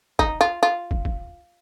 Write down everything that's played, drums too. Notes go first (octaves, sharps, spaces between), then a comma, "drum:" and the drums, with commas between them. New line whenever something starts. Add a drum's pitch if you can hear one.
D#4, drum: kick
F4
F4
drum: kick
drum: kick